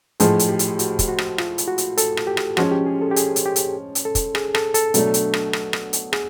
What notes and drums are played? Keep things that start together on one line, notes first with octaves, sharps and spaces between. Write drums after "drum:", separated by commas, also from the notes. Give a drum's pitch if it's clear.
A2 F3 G#3 G#4, drum: hi-hat
drum: hi-hat
G4
drum: hi-hat
F#4, drum: hi-hat
drum: kick, hi-hat
F#4
drum: rim click
F4, drum: rim click
drum: hi-hat
F#4
drum: hi-hat
A4, drum: hi-hat
drum: rim click
G4
drum: rim click
F3 G#3 C#4 F#4, drum: rim click
G4
G#4
A4
G4
G#4, drum: hi-hat
drum: hi-hat
G4
drum: hi-hat
drum: hi-hat
A4
drum: kick, hi-hat
G#4, drum: rim click
A4, drum: rim click
A4, drum: hi-hat
B2 F#3 A3 D4, drum: hi-hat
drum: hi-hat
drum: rim click
drum: rim click
drum: rim click
drum: hi-hat
G#4, drum: rim click